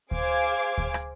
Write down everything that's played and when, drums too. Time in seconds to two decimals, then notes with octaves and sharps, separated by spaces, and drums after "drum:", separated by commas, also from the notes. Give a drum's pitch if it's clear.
0.11 G#4 C5 F5 D6 G#6, drum: kick D2
0.78 drum: kick D2
0.94 drum: rim click